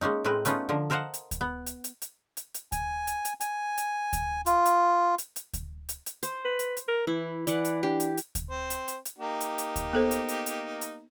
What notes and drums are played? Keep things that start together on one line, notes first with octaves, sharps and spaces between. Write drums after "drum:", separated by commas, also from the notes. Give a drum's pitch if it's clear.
G#3 A#3 C#4 D#4
A2 G#3 C4 A#4 B4
A3 B3 C#4 D#4 F4, drum: hi-hat
D3 F3 A#4
A4 A#4 C5 D#5 F5 F#5
drum: hi-hat
drum: kick D2, hi-hat
B3
drum: hi-hat
drum: hi-hat
drum: hi-hat
drum: hi-hat
drum: hi-hat
G#5, drum: kick D2, hi-hat
drum: hi-hat
drum: hi-hat
G#5, drum: hi-hat
drum: hi-hat
drum: kick D2, hi-hat
F4, drum: hi-hat
drum: hi-hat
drum: hi-hat
drum: hi-hat
drum: kick D2, hi-hat
drum: hi-hat
drum: hi-hat
C5, drum: hi-hat
B4
drum: hi-hat
drum: hi-hat
A#4
E3 E4
E3 D5 F#5, drum: hi-hat
drum: hi-hat
D4 G4
drum: hi-hat
drum: hi-hat
drum: kick D2, hi-hat
C4 C5
drum: hi-hat
drum: hi-hat
drum: hi-hat
A#3 D#4 G4
drum: hi-hat
drum: hi-hat
drum: kick D2, hi-hat
B3 A4 C5
drum: hi-hat
drum: hi-hat
drum: hi-hat
drum: hi-hat